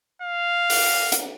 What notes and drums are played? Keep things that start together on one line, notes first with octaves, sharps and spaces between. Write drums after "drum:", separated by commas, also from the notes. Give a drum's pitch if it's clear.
F5
drum: open hi-hat
drum: hi-hat